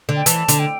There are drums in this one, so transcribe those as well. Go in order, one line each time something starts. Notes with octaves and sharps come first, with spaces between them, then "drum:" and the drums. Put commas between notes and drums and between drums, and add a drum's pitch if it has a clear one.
D3
G5
E3 A5, drum: hi-hat
D3, drum: hi-hat
G5